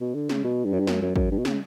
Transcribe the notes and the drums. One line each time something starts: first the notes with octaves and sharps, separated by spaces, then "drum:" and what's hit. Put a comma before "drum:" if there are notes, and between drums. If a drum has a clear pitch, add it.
B2
D3
C#3, drum: snare
B2
G2
F#2
G2
F#2, drum: snare
F#2
F#2, drum: kick
G2
B2
C#3, drum: snare